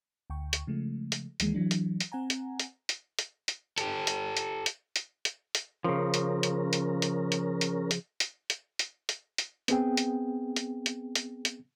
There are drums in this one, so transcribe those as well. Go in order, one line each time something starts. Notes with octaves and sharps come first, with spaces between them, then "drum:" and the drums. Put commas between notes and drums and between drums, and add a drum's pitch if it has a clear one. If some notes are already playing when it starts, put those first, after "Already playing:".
D2 G5 C#6
drum: hi-hat
C#3 F3 G#3 A3
drum: hi-hat
D2 D#3 E3 G#3 A#3, drum: hi-hat
E3 F#3 D4
drum: hi-hat
drum: hi-hat
C4 F#5 G#5 A#5
drum: hi-hat
drum: hi-hat
drum: hi-hat
drum: hi-hat
drum: hi-hat
G4 A4, drum: hi-hat
drum: hi-hat
drum: hi-hat
drum: hi-hat
drum: hi-hat
drum: hi-hat
drum: hi-hat
C#3 F3 C#4 A#4
drum: hi-hat
drum: hi-hat
drum: hi-hat
drum: hi-hat
drum: hi-hat
drum: hi-hat
drum: hi-hat
drum: hi-hat
drum: hi-hat
drum: hi-hat
drum: hi-hat
drum: hi-hat
B3 C4 G#4 G5, drum: hi-hat
drum: hi-hat
drum: hi-hat
drum: hi-hat
drum: hi-hat
drum: hi-hat